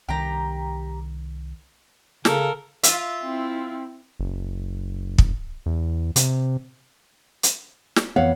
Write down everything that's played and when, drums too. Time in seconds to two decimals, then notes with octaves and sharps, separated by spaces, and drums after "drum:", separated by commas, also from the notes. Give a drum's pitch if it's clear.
0.09 C2 D#3 G4 A#5
2.25 C#3 A4 A#4, drum: snare
2.83 F4 E5, drum: hi-hat
3.22 C4 E4
4.20 F#1
5.18 drum: kick
5.66 E2
6.16 C3, drum: hi-hat
7.43 drum: hi-hat
7.96 drum: snare
8.16 F2 E3 B3 C#5 F5 F#5